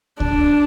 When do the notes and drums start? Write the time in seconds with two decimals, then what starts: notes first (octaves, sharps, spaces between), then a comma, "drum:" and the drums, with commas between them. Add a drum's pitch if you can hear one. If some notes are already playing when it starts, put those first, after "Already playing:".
0.20 D4, drum: kick C#2